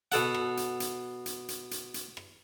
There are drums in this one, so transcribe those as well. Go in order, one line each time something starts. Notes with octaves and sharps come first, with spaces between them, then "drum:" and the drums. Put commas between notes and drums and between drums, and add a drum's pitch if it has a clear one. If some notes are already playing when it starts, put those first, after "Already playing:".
B2 A4 F#5, drum: hi-hat
drum: rim click
drum: hi-hat
drum: hi-hat
drum: hi-hat
drum: hi-hat
drum: hi-hat
drum: hi-hat
drum: rim click